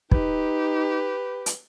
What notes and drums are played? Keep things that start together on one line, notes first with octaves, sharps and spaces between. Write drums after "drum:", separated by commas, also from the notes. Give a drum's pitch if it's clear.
D#4 G4 B4, drum: kick
drum: hi-hat